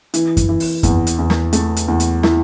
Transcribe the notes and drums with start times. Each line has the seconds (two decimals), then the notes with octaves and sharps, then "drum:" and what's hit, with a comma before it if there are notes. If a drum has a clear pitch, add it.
0.14 E3, drum: hi-hat
0.37 drum: kick F#2, hi-hat
0.49 E3
0.60 drum: open hi-hat
0.83 E2, drum: kick F#2, hi-hat
1.07 drum: hi-hat
1.18 E2
1.30 drum: snare
1.53 A3, drum: hi-hat
1.76 drum: hi-hat
1.88 E2
2.00 drum: hi-hat
2.23 E4, drum: snare